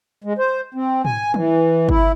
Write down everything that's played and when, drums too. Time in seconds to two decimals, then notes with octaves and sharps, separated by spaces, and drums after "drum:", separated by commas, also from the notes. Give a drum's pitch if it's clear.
0.24 G#3
0.38 C5
0.74 C4
1.05 G#5, drum: tom
1.34 E3, drum: tom
1.89 E4, drum: kick G1